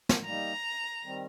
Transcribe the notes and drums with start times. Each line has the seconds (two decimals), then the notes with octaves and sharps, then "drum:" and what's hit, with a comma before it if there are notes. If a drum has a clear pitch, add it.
0.09 drum: snare
0.25 G3 A#3 D#4 A#5
1.04 D#3 G3 C4